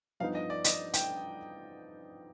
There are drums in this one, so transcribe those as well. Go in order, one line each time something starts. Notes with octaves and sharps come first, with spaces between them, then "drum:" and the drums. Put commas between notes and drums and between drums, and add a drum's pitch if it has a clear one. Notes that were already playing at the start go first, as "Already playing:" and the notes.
G2 F3 B3 D#4 F5
D#5
D5
D#5, drum: hi-hat
G5, drum: hi-hat